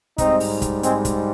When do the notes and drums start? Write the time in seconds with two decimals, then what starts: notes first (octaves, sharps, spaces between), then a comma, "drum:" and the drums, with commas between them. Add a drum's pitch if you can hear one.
0.18 G#2 G3 C4 D#4, drum: kick, hi-hat
0.40 drum: open hi-hat
0.62 drum: kick, hi-hat
0.83 G#3 C4, drum: hi-hat
1.05 drum: kick, hi-hat